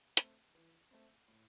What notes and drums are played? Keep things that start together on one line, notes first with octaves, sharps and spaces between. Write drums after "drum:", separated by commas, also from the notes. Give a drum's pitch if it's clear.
A3 C4, drum: hi-hat
E3
A3 C4
A2